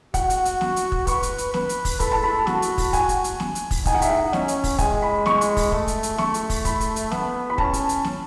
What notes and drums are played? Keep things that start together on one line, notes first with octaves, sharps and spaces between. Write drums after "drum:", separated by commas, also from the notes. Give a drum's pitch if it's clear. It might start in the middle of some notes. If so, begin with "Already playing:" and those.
F#4 F#5, drum: kick, hi-hat
drum: hi-hat
drum: hi-hat
drum: snare
drum: hi-hat
drum: kick
B4 C#6, drum: kick, hi-hat
drum: hi-hat
drum: hi-hat
B4, drum: snare
drum: hi-hat
drum: kick, open hi-hat
A4 B5, drum: kick, hi-hat
A5
B5
F#4, drum: snare
drum: hi-hat
drum: kick, open hi-hat
G#5, drum: kick, hi-hat
drum: hi-hat
drum: hi-hat
drum: snare
drum: hi-hat
drum: kick, open hi-hat
D#4 G#5, drum: kick, hi-hat
F#5
E5, drum: hi-hat
F#5
C#4, drum: snare
drum: hi-hat
drum: kick, open hi-hat
G#3 G#5, drum: kick, hi-hat
B5
G#3 C#6, drum: snare
drum: hi-hat
drum: kick, open hi-hat
A3, drum: kick
drum: hi-hat
drum: hi-hat
A3 C#6, drum: snare
drum: hi-hat
drum: kick, open hi-hat
B5, drum: kick, hi-hat
drum: hi-hat
drum: hi-hat
B3, drum: snare
B5
C#4 A5, drum: kick
drum: hi-hat
drum: hi-hat
drum: snare